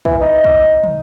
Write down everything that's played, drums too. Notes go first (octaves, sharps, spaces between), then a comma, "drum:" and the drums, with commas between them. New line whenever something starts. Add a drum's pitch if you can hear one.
E3, drum: kick
D#4
drum: kick
drum: tom